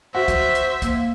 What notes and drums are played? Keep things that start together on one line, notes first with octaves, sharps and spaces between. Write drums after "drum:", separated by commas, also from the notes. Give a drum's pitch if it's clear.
F#4 C5 E5
drum: kick, hi-hat
drum: hi-hat
A#3, drum: kick, hi-hat